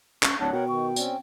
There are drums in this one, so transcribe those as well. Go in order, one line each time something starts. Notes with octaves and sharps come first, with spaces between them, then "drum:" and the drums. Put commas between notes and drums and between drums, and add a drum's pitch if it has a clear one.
C#4 C#6, drum: clap
D1 D4 C#5 F#5 A5
B2 A#4 F#5 G5
D#3 C#6
C4 C#4 D5, drum: tambourine